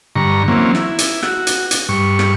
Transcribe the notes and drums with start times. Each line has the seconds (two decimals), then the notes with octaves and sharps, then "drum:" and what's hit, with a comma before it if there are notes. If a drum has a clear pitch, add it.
0.16 G2 D3 A#5 C#6
0.48 E3 F#3 A#3 C4 C#4
0.75 E4, drum: rim click
0.99 drum: hi-hat
1.23 F#4, drum: rim click
1.47 drum: hi-hat
1.71 drum: hi-hat
1.89 G2 C#6
2.19 drum: rim click